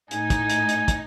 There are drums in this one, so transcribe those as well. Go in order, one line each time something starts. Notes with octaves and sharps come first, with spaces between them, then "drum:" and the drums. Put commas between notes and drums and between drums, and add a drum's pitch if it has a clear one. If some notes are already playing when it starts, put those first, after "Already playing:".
A2 D#4 G#5, drum: hi-hat
drum: kick, hi-hat
drum: hi-hat
drum: hi-hat
drum: kick, hi-hat